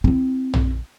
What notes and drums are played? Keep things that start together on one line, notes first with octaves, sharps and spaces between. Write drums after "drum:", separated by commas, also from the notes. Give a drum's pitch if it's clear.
C4 E4, drum: kick
drum: tom A#1